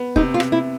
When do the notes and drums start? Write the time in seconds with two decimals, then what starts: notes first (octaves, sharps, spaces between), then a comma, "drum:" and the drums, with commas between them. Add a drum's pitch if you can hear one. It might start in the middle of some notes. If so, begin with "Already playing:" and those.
Already playing: B3
0.16 C3 D#4, drum: kick
0.34 F4
0.40 C3, drum: rim click
0.52 E4